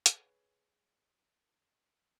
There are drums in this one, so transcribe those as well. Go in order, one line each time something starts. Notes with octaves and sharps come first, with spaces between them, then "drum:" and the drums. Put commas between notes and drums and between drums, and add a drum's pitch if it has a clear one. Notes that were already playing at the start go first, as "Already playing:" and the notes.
G#4 B4 C#5, drum: hi-hat